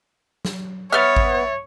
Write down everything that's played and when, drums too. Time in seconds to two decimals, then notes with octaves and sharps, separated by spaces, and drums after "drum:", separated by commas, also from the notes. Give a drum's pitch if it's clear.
0.45 drum: snare
0.93 B3 C#5 E5 F6 A6
1.16 drum: kick G#1